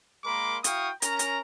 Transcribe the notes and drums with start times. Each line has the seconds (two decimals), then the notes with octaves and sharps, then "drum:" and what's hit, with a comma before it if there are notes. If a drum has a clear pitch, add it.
0.24 G#3 A#3 A#4 B5 C6 D6
0.64 E4 F#4 F5 G5 C#6 D#6, drum: hi-hat
1.02 C#4 A#4 A#5, drum: hi-hat
1.19 drum: hi-hat